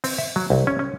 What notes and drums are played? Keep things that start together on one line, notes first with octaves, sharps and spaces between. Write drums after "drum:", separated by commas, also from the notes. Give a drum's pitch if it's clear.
C4, drum: open hi-hat
E5
F#3
C2
C#4
C#4